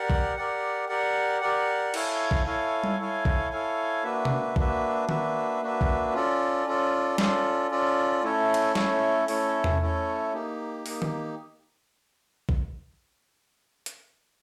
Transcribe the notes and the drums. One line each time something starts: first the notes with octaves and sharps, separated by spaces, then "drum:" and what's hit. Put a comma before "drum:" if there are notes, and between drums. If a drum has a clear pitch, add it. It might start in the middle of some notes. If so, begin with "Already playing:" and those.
Already playing: G4 A#4 D5 F#5
drum: kick A#1
G4 A#4 D5 F#5
G4 A#4 D5 F#5
G4 A#4 D5 F#5
E4 A4 C#5 F5 G#5, drum: cymbal
drum: kick A#1
E4 A4 C#5 F5 G#5
drum: tom G3
E4 A4 C#5 F5 G#5
drum: kick A#1
E4 A4 C#5 F5 G#5
A#3 D4 F#4 B4 E5
drum: tom C3
A#3 D4 F#4 B4 E5, drum: kick A#1
A#3 D4 F#4 B4 E5, drum: tom D#3
A#3 D4 F#4 B4 E5
drum: kick A#1
C#4 F4 A4 D5
C#4 F4 A4 D5
C#4 F4 A4 D5, drum: snare
C#4 F4 A4 D5
A3 C#4 E4 A4 C#5
drum: cymbal
A3 C#4 E4 A4 C#5, drum: snare
A3 C#4 E4 A4 C#5, drum: open hi-hat
drum: tom E2
A3 C#4 E4 A4 C#5
A#3 D#4 G4
A#3 D#4 G4, drum: open hi-hat
drum: tom D#3
drum: kick A#1
drum: hi-hat